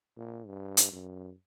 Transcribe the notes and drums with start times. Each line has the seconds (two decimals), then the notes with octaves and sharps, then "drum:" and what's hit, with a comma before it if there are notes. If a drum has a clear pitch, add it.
0.17 A#2
0.47 G2
0.77 drum: hi-hat
0.92 F#2